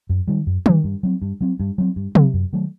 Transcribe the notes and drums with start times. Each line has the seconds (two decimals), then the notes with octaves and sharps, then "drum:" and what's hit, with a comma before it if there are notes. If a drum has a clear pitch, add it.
0.09 F#2
0.27 D#3 G3
0.47 F#2
0.66 D#3 G3, drum: tom D#3
0.84 G2
1.03 F#3 C4
1.22 G2
1.41 F#3 C4
1.60 G2
1.78 F#3 C4
1.96 G2
2.15 F#3 C4, drum: tom C3
2.34 F#2
2.53 D#3 F#3 A3